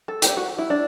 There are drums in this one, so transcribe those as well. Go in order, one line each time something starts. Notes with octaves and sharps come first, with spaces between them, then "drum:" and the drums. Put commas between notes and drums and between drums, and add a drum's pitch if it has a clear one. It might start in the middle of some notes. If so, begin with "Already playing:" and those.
A4
G4, drum: hi-hat
F#4
E4
D4